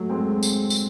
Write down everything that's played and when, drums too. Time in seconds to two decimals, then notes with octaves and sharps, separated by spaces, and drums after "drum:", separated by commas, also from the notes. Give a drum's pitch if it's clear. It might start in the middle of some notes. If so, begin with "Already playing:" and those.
Already playing: F#3 A3
0.10 G#3 C4
0.43 drum: tambourine
0.70 drum: tambourine